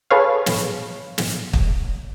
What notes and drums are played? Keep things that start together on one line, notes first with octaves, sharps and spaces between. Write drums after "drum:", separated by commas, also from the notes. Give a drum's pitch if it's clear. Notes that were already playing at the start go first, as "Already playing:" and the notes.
G#4 A4 B4 C#5 F5
drum: snare
drum: snare
drum: kick